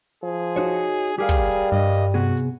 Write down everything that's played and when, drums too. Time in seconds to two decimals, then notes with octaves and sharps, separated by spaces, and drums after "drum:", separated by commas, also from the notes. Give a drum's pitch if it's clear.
0.23 F3 G#4
0.56 D#4 F#4 C#5
1.07 drum: hi-hat
1.19 G3 G4 G#4 A#4 F5
1.29 drum: kick
1.50 drum: hi-hat
1.72 G2 D#5
1.94 drum: hi-hat
2.14 C3 B3 F#4 G#4
2.37 drum: hi-hat